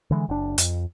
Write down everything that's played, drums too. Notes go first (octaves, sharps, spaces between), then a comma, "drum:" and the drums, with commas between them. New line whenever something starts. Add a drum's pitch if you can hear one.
D3 E3 G#3
F#1 D4
F2, drum: hi-hat